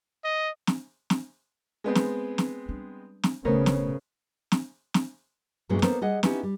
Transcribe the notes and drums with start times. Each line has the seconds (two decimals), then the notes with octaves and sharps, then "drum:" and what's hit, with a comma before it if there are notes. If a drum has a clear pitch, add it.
0.24 D#5
0.67 drum: snare
1.10 drum: snare
1.84 G#3 B3 C4
1.95 drum: snare
2.38 drum: snare
2.69 G3 D4
3.23 drum: snare
3.45 D1 C#3 A3 B3 A#4 C5 C#5
3.66 drum: snare
4.52 drum: snare
4.94 drum: snare
5.69 G2 A#2 F#3 G#3 A3 C#4
5.82 A#3 B3 A4 A#4 C5 D5, drum: snare
6.01 G3 G#4 D#5 F#5
6.23 B3 C#4 D#4 E4 G4, drum: snare
6.43 G3